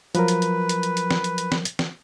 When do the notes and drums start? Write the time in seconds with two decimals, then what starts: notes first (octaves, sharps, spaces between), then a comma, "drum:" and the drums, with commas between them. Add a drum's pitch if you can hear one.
0.15 F3 F#3 A#4 B4, drum: hi-hat
0.28 drum: hi-hat
0.42 drum: hi-hat
0.69 drum: hi-hat
0.83 drum: hi-hat
0.97 drum: hi-hat
1.11 drum: snare
1.24 drum: hi-hat
1.38 drum: hi-hat
1.52 drum: snare
1.65 drum: hi-hat
1.79 drum: snare